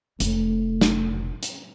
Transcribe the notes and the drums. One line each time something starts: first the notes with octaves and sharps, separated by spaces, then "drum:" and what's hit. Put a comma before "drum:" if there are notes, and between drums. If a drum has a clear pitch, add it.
F1 A3, drum: hi-hat
drum: snare
drum: hi-hat